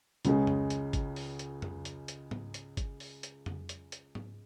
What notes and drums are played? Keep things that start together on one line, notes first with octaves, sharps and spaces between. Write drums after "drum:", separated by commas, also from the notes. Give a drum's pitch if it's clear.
C#2 C#3 G#3, drum: hi-hat
drum: tom F2
drum: hi-hat
drum: kick G1, hi-hat
drum: open hi-hat
drum: hi-hat
drum: tom F2
drum: hi-hat
drum: hi-hat
drum: tom G#2
drum: hi-hat
drum: kick G1, hi-hat
drum: open hi-hat
drum: hi-hat
drum: tom F2
drum: hi-hat
drum: hi-hat
drum: tom G#2